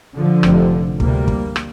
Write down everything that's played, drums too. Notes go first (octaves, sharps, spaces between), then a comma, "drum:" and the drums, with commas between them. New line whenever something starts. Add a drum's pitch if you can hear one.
D3 F3
F1 F2 C3, drum: rim click
D2 C3 G3 A#3, drum: kick
drum: kick
drum: rim click